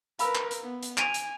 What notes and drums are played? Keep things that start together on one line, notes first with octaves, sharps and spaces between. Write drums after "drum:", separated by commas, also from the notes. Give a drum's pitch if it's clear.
A#4 B4 F5 B5 E6, drum: hi-hat
drum: clap
drum: hi-hat
B3
drum: hi-hat
G#5 D7 D#7 F7, drum: clap
drum: hi-hat